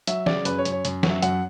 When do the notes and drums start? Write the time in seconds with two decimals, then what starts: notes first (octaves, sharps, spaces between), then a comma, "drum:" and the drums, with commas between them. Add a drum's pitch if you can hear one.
0.07 F#3 E5, drum: hi-hat
0.26 C#3 D5, drum: snare
0.45 F#2 B4, drum: hi-hat
0.58 C#5
0.65 F#2, drum: hi-hat
0.72 C#5
0.85 F#2, drum: hi-hat
1.03 F#3, drum: snare
1.10 E5
1.22 F#2 F#5, drum: hi-hat